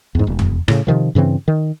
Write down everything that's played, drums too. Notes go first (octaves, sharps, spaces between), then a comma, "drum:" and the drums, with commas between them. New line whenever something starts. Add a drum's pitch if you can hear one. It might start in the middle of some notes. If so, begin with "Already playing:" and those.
E2 G#2
E1
drum: tom
A2 C#3, drum: rim click
C3 D#3 F3
G2 C#3 E3 C4
D#3